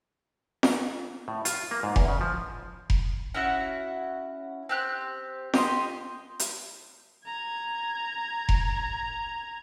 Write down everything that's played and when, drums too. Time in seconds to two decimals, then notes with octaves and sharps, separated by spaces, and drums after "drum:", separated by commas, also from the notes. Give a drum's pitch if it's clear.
0.63 drum: snare F4
1.28 A2
1.45 F4, drum: hi-hat
1.71 A#3
1.83 G#2
1.96 E2, drum: kick F1
2.08 C#3
2.21 F3
2.90 drum: kick F1
3.34 C#4 E4 F#4 F#5
4.69 C4 G4 F#6
5.54 G4 D#5 C6, drum: snare F4
6.39 drum: hi-hat
7.25 A#5 G#6
8.49 drum: kick F1